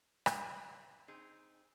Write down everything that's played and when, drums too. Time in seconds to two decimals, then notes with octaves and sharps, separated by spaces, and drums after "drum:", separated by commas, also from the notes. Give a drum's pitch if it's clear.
0.26 drum: rim click
1.08 C4 D#4 G#4